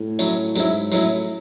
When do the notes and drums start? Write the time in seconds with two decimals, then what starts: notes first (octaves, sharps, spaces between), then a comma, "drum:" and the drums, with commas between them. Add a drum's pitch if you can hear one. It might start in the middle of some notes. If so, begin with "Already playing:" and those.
Already playing: A2
0.19 F#3 C#4 E4, drum: tambourine
0.55 G#2 F#3 C#4 E4, drum: tambourine
0.92 A2 F#3 C#4 E4, drum: tambourine